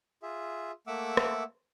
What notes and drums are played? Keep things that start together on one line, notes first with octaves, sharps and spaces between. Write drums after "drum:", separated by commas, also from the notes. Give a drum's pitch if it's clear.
F4 G#4 E5
A3 A#3 E5 F#5 D6 E6
drum: rim click